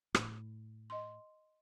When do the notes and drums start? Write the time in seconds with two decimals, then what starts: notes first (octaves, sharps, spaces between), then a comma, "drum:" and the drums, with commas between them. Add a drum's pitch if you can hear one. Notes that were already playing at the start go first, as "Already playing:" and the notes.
0.15 A2, drum: rim click
0.90 D#5 C6